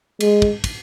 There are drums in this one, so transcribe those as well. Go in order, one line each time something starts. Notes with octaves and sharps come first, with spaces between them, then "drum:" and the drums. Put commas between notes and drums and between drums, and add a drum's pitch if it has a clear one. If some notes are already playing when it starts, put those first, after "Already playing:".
G#3, drum: cymbal
drum: kick
drum: kick, cymbal